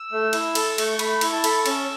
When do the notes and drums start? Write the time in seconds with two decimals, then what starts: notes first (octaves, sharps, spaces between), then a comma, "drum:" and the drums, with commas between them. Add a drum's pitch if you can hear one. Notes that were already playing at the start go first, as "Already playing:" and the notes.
Already playing: E6
0.12 A3
0.33 E4, drum: cymbal
0.55 A4, drum: cymbal
0.78 A3 C#6, drum: cymbal
0.99 A3 B5, drum: cymbal
1.21 E4 C#6, drum: cymbal
1.32 A5
1.44 A4 B5, drum: cymbal
1.56 C#6
1.66 C#4 E6, drum: cymbal